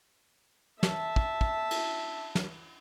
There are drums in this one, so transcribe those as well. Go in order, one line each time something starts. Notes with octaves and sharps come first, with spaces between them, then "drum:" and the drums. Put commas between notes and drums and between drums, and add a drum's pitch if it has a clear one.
E5 A5, drum: snare
drum: kick
drum: kick
drum: cymbal
drum: snare